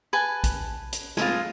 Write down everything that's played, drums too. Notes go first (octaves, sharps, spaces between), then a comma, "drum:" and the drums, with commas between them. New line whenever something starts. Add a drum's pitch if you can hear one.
B4 G#5 A5
drum: kick A#1, hi-hat
drum: hi-hat
G#3 C4 F4, drum: snare